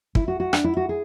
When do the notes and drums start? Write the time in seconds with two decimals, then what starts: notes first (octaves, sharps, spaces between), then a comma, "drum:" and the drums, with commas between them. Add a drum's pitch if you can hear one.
0.15 E4, drum: kick
0.28 F#4
0.40 F#4
0.53 D4, drum: rim click
0.64 E4
0.77 F#4
0.89 G#4